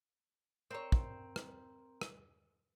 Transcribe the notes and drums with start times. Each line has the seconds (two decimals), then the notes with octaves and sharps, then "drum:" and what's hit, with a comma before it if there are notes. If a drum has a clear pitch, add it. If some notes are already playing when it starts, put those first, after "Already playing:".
0.71 C4 A#4 C#5 A#5
0.92 drum: kick
1.36 drum: rim click
2.01 drum: rim click